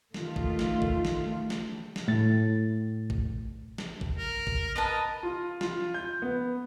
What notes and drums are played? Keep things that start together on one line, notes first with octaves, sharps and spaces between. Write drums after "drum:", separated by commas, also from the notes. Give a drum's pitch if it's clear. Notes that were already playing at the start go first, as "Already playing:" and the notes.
D#3 A3 F4, drum: snare
drum: kick A1
drum: snare
drum: kick A1
drum: snare
drum: snare
drum: snare
A2 A6
drum: kick A1
drum: snare
drum: kick A1
A#4
drum: kick A1
A#4 B4 D#5 A5
F4
F4, drum: snare
G6
B3